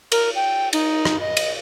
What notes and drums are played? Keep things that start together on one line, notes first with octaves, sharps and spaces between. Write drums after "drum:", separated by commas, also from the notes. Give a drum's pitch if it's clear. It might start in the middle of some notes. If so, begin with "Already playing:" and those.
A#4, drum: cymbal
G5
D#4, drum: cymbal
drum: rim click
D#5
drum: cymbal